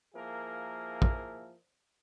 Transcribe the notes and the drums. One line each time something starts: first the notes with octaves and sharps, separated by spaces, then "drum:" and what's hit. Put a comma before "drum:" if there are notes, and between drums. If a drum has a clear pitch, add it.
F3 A#3 E4 G#4 A#4
drum: kick